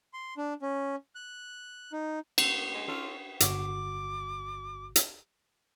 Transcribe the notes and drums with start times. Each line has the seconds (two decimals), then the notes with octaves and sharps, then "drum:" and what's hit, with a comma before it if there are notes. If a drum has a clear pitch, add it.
0.13 C6
0.37 D4
0.62 C#4
1.15 F#6
1.93 D#4
2.38 A2 A#3 A4, drum: cymbal
2.74 G#3
2.88 C#4 D#4 F4 A4
3.40 G1 F#4 D6, drum: hi-hat
4.96 drum: hi-hat